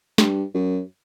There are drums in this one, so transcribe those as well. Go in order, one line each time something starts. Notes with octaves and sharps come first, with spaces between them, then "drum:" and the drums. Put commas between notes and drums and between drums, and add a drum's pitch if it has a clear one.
G2, drum: snare
F#2